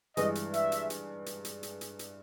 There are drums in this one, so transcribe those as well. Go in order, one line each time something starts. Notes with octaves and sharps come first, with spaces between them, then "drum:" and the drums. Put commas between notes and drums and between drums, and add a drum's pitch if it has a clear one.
G2 E3 G#3 D#5, drum: hi-hat
drum: hi-hat
E5, drum: hi-hat
drum: hi-hat
drum: hi-hat
drum: hi-hat
drum: hi-hat
drum: hi-hat
drum: hi-hat
drum: hi-hat